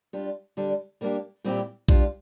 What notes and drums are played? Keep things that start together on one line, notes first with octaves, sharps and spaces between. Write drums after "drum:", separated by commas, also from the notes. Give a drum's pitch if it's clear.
G3 D4 F4
D3 G3 D4
G3 A#3 D4 G4
A#2 G3 C4 E4 G4
G3 D4 F4, drum: kick A#1